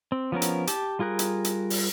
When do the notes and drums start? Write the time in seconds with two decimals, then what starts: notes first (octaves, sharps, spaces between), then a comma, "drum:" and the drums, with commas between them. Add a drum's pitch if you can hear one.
0.12 C4
0.32 F3 B3 C#4 A#4
0.42 drum: hi-hat
0.67 G4 A5, drum: hi-hat
0.99 G3 F4 G#4 A#4 F#6
1.19 drum: hi-hat
1.45 drum: hi-hat
1.70 drum: open hi-hat